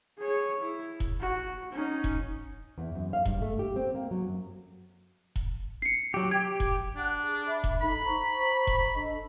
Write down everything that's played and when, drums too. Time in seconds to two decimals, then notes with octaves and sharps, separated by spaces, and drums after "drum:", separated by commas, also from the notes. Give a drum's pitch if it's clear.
0.18 G#4 C#5
0.60 E4
1.00 drum: kick E1
1.20 F#4
1.72 C#4 D#4
2.04 drum: kick E1
2.78 E2
2.95 F#2
3.13 F5
3.25 G2, drum: kick E1
3.42 A3
3.59 G4
3.76 C4
3.95 A#3
4.11 F#3
4.24 F#2
5.36 drum: kick E1
5.82 C7 C#7
6.14 F#3 G4
6.31 G4 G#6
6.60 drum: kick E1
6.96 D4 F#5 F#6
7.22 G#4
7.47 E5 B5
7.64 drum: kick E1
7.81 D#4 A4 B5
8.05 C5 A#5 C#6
8.67 drum: kick E1
8.95 D4 A4 D#5